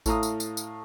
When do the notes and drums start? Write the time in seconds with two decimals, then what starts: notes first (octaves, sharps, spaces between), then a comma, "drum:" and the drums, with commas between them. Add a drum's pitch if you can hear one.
0.06 A2 A3 F5 A#5 D#6, drum: kick A1, tambourine
0.23 drum: tambourine
0.40 drum: tambourine
0.57 drum: tambourine